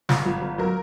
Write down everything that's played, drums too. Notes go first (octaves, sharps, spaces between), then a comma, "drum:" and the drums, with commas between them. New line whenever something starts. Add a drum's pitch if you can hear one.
G1, drum: snare
G1
G1
F#3 A#4